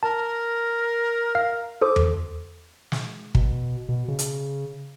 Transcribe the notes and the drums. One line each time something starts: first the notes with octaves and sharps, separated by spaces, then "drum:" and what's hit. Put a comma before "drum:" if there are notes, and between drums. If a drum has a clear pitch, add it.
A#4 A5
F5 F6
A4 C5 D6 D#6
drum: tom E2
drum: snare
B2, drum: kick
B2
C#3
drum: hi-hat